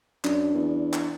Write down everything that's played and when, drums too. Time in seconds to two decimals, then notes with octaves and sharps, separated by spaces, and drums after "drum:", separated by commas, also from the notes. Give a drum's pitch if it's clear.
0.24 F#2 D4, drum: clap
0.55 E2
0.93 drum: clap